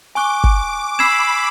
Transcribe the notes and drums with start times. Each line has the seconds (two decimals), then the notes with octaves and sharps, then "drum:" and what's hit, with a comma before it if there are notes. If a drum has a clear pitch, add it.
0.15 G#5 C#6 D6 F#6
0.44 drum: kick
0.99 B5 E6 G#6 C7 E7